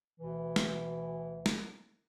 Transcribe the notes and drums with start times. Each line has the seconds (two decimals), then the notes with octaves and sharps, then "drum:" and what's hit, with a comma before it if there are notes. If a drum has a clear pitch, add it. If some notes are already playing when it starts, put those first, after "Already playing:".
0.20 D2 B2 E3
0.56 drum: snare
1.46 drum: snare